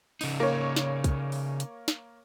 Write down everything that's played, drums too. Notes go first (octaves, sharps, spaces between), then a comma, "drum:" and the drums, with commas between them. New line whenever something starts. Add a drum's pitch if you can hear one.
C#3 D#4, drum: open hi-hat
A#3 C#5
drum: snare
drum: kick, hi-hat
drum: open hi-hat
drum: hi-hat
drum: snare